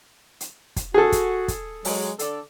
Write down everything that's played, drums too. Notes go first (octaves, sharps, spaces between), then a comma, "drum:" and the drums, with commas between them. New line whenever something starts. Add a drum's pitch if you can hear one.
drum: hi-hat
drum: kick, hi-hat
F#4 G#4 A4
drum: kick, hi-hat
drum: kick, hi-hat
F#3 G#3, drum: open hi-hat
D3 A4 D5, drum: hi-hat